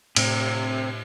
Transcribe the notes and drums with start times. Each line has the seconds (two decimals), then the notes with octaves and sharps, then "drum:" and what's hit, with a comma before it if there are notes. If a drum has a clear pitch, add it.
0.16 A2 C3 C4, drum: cymbal